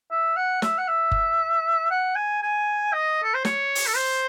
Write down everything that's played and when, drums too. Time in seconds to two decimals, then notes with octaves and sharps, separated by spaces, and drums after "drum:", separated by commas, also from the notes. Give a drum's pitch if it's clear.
0.11 E5
0.36 F#5
0.62 E5, drum: snare
0.78 F#5
0.88 E5
1.11 drum: kick F#1
1.91 F#5
2.15 G#5
2.42 G#5
2.93 D#5
3.23 A4
3.34 C5
3.45 C#5, drum: snare
3.75 drum: open hi-hat
3.86 A4
3.96 C5